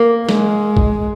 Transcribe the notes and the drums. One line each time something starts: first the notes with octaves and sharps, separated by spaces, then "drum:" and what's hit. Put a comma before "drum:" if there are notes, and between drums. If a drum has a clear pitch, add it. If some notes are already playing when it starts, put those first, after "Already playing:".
Already playing: A#3
G#3, drum: snare
drum: kick